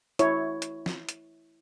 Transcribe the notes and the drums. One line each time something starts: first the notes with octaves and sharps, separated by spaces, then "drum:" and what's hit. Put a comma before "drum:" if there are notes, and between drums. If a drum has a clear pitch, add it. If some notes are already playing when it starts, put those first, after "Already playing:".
E4 C#5, drum: hi-hat
drum: hi-hat
drum: snare
drum: hi-hat